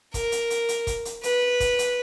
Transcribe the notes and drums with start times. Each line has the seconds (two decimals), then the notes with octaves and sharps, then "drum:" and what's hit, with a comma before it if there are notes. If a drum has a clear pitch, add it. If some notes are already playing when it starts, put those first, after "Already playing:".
0.14 A#4, drum: kick, hi-hat
0.32 drum: hi-hat
0.50 drum: hi-hat
0.69 drum: hi-hat
0.87 drum: kick, hi-hat
1.05 drum: hi-hat
1.23 B4, drum: hi-hat
1.60 drum: kick, hi-hat
1.79 drum: hi-hat